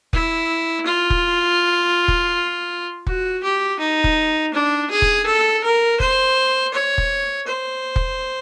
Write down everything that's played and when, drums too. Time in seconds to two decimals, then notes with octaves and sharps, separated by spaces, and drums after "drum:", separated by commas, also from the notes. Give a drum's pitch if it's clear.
0.13 E4, drum: kick
0.86 F4
1.10 drum: kick
2.08 drum: kick
3.07 F#4, drum: kick
3.43 G4
3.79 D#4
4.04 drum: kick
4.54 D4
4.90 G#4
5.02 drum: kick
5.26 A4
5.64 A#4
6.00 C5, drum: kick
6.73 C#5
6.98 drum: kick
7.47 C5
7.96 drum: kick